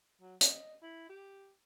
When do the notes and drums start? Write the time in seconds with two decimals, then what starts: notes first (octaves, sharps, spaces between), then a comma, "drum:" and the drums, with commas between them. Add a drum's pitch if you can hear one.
0.21 F#3
0.41 D#5, drum: hi-hat
0.82 E4
1.10 G4